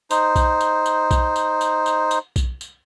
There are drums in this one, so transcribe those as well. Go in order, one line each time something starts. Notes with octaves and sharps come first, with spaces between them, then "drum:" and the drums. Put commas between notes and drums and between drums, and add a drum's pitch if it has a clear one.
D#4 C5, drum: tambourine
drum: kick B1, tambourine
drum: tambourine
drum: tambourine
drum: kick B1, tambourine
drum: tambourine
drum: tambourine
drum: tambourine
drum: tambourine
drum: kick B1, tambourine
drum: tambourine